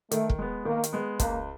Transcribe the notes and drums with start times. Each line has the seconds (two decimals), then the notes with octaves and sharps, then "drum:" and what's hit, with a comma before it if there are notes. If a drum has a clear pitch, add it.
0.11 D#3 A3, drum: hi-hat
0.30 drum: kick
0.39 G#3 B3
0.65 D#3 A#3
0.84 drum: hi-hat
0.93 G#3 B3
1.19 C#2 A#3, drum: kick, hi-hat